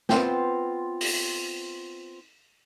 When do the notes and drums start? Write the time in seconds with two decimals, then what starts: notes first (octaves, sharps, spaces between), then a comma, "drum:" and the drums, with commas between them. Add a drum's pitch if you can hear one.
0.09 B3 C4 F4 G5, drum: snare
1.01 drum: open hi-hat